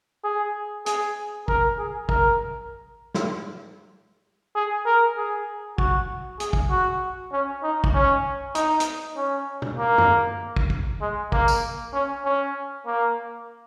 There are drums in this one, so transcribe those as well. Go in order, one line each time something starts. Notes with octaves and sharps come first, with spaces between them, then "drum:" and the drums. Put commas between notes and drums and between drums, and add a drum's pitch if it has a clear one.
G#4
G#4, drum: hi-hat
A#4, drum: kick
G#4
A#4, drum: kick
drum: snare
G#4
A#4
G#4
F#4, drum: kick
G#4, drum: hi-hat
drum: kick
F#4
C#4
D#4
drum: kick
C#4
D#4, drum: hi-hat
drum: hi-hat
C#4
drum: tom B2
A#3
drum: tom
drum: kick
drum: kick
G#3
A#3, drum: kick
drum: tambourine
C#4
C#4
A#3